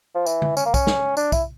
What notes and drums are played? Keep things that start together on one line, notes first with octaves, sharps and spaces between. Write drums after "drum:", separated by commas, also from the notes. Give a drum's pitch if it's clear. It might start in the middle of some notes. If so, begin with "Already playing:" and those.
F3
E3, drum: tambourine
drum: tom D3
C#4, drum: tambourine
A#3
C#4, drum: kick B1, tambourine
drum: snare
D4, drum: tambourine
E4, drum: kick B1, tambourine